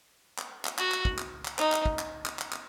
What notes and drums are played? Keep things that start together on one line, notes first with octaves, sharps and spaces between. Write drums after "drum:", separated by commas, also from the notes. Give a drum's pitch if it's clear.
drum: clap
drum: clap
F#4, drum: clap
drum: clap
drum: kick
drum: clap
drum: clap
D#4, drum: clap
drum: clap
drum: kick
drum: clap
drum: clap
drum: clap
drum: clap